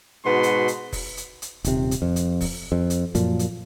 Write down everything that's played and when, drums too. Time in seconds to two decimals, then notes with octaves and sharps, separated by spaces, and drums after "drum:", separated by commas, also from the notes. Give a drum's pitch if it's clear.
0.25 G#2 B2 F#4 B4 C6
0.43 drum: hi-hat
0.68 drum: hi-hat
0.93 drum: kick F1, open hi-hat
1.17 drum: hi-hat
1.42 drum: hi-hat
1.64 D#1 C3, drum: hi-hat
1.91 drum: hi-hat
2.02 F2
2.16 drum: hi-hat
2.41 drum: kick F1, open hi-hat
2.72 F2
2.90 drum: hi-hat
3.15 F#2 A#2 F3, drum: hi-hat
3.39 drum: hi-hat